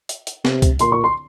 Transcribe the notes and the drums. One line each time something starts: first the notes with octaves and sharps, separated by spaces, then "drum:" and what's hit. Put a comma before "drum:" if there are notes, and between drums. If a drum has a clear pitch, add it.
drum: hi-hat
drum: hi-hat
C3, drum: snare
drum: kick C#2, hi-hat
A#2 C6, drum: hi-hat
C#6
C6